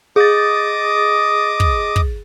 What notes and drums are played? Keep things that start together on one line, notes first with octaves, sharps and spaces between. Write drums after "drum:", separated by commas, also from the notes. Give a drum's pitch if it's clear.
G#4 D#5 D6 D#6 A6
drum: kick
drum: kick